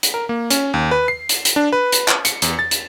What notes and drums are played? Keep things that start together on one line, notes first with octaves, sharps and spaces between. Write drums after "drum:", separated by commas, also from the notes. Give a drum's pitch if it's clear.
drum: hi-hat
A#4
A#3
C#4, drum: hi-hat
D#2
B4
C7
drum: hi-hat
drum: hi-hat
D4
B4
drum: hi-hat
drum: clap
C#7, drum: hi-hat
E2, drum: hi-hat
A6
drum: hi-hat